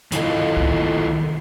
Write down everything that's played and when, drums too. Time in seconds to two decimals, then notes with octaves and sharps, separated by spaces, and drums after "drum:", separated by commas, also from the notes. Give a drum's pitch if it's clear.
0.12 D#3 E4 F4 A4 D#5, drum: hi-hat
0.57 drum: kick